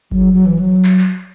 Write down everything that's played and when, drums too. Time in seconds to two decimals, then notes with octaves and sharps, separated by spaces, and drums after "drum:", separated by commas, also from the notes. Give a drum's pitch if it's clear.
0.11 F#3, drum: kick G1
0.33 F#3
0.46 E3
0.59 F#3
0.84 drum: clap
0.99 drum: clap